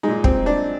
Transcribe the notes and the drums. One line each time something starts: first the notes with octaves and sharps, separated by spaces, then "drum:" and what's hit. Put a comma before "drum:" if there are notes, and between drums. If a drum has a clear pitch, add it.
G#3 D#4
A#2
C4, drum: kick
D4